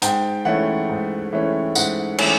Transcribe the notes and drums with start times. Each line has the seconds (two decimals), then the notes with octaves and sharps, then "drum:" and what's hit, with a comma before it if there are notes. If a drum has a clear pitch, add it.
0.02 G#2 G5, drum: hi-hat
0.45 E3 A3 C#4 F#5
0.89 G#2
1.33 E3 A3 C#4
1.75 G#2 F#5, drum: tambourine
2.18 E3 A3 C#4 G#5, drum: cymbal